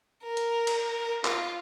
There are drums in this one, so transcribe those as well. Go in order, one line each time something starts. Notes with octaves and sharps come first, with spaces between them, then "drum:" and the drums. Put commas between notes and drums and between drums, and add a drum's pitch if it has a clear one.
A#4
drum: hi-hat
drum: cymbal
F4, drum: clap